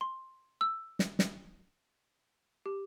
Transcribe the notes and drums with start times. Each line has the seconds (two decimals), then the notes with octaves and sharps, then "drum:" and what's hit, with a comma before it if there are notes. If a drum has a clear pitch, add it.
0.01 C6
0.61 E6
0.99 drum: snare
1.19 drum: snare
2.66 G4